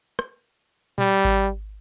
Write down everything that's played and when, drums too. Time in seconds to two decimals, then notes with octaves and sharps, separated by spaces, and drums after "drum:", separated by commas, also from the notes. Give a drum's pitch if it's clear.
0.19 drum: rim click
0.98 G3, drum: tom A#2
1.25 drum: kick G#1